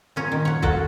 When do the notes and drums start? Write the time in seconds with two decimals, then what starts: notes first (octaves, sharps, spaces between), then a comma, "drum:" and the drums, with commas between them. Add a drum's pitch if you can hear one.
0.16 A#2 C#4 A#5
0.32 D#3
0.45 C#5 F#5
0.62 F#4 A4 A#4 F#5, drum: kick